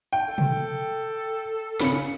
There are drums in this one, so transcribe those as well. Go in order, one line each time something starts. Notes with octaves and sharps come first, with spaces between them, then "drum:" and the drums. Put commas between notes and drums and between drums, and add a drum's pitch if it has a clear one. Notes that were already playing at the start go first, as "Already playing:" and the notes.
G5
A4
drum: tom
C#3 B5 C#7, drum: snare C4